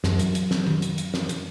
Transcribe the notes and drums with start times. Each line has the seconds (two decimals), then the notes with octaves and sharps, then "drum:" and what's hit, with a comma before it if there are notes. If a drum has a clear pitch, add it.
0.04 F#2, drum: snare
0.19 drum: hi-hat
0.35 drum: hi-hat
0.51 drum: snare
0.67 drum: tom D#3
0.82 drum: hi-hat
0.98 drum: hi-hat
1.14 drum: snare
1.29 drum: hi-hat